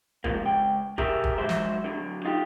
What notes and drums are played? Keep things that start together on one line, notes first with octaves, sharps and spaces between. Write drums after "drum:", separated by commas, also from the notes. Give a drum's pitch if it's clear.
G#2 C3 F3 A#3, drum: kick
C#2 G5
G4 G#4 A#4 E5, drum: kick
drum: kick
G#2 F#3 C5 E5
drum: snare
D3 F#3
D#4 F4 G4